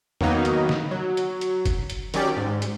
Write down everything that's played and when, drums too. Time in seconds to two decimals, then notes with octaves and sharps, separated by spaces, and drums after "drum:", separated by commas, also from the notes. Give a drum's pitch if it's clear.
0.21 D#3 F#3 A#3 B3 D#4, drum: tom
0.45 drum: hi-hat
0.69 drum: snare
0.91 F#3
1.17 drum: hi-hat
1.41 drum: hi-hat
1.65 drum: kick F#1, hi-hat
1.90 drum: hi-hat
2.14 D#3 F#3 C#4 G4 D5, drum: hi-hat
2.37 G#2
2.62 drum: hi-hat